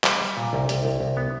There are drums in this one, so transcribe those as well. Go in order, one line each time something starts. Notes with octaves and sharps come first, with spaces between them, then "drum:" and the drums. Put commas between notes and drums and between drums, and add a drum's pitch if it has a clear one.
G3, drum: clap
G3
A#2
C2
C2, drum: hi-hat
C2
C2
B3